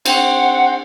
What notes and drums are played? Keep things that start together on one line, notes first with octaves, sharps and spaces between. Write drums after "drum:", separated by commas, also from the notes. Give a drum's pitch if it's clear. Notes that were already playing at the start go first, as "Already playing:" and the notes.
C4 F#5, drum: cymbal